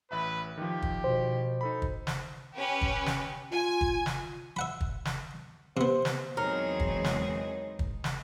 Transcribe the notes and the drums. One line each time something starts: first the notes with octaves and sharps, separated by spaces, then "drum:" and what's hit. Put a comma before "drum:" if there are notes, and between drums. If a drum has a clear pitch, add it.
A1 B4 E5 B5
D#3 F3 G4
drum: kick
B2 C5
D#4 A4 B5
drum: kick
drum: snare
C#4 G4 B4
drum: kick
drum: snare
F4 G#5
drum: kick
drum: snare
E5 F#5 B5
drum: kick
drum: snare
C3 B3 C5
drum: snare
E2 F#3 G#3 C4 D#4 G#4 A#4 C#5
drum: kick
drum: snare
drum: kick
drum: snare